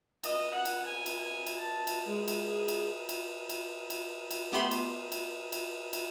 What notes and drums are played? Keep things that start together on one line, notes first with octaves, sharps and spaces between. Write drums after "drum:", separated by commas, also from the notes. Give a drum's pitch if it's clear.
D#5, drum: cymbal
F#5
drum: cymbal
G#5
drum: cymbal
G#5
drum: cymbal
A5
drum: cymbal
G#3
drum: cymbal
G#4
drum: cymbal
drum: cymbal
drum: cymbal
drum: cymbal
drum: cymbal
A3 B3 G4 B5 C6
drum: cymbal
drum: cymbal
drum: cymbal
drum: cymbal